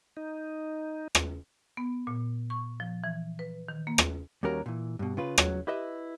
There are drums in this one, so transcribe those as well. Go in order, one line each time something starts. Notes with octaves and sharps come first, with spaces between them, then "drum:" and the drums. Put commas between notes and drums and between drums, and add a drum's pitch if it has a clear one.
D#4
drum: rim click
B3
A#2
C#6
F3
E3
B4
D#3
A#3
drum: rim click
D#2 G3 C#4 F#4 A#4 A#5
A#2 E3
G2 B2
C#3 F4 B4
F#3, drum: rim click
E4 G4 B4 D#5 E5